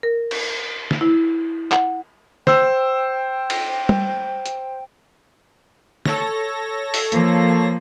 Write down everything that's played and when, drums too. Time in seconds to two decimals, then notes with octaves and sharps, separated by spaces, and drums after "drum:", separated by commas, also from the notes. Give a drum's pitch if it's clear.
0.03 A#4
0.31 drum: cymbal
0.91 drum: snare
1.01 E4
1.72 F#5, drum: clap
2.47 C5 G5 E6, drum: snare
3.50 drum: cymbal
3.89 drum: tom G3
4.46 drum: hi-hat
6.05 A4 C#5 A#6, drum: snare
6.94 drum: open hi-hat
7.12 F3 A#3, drum: hi-hat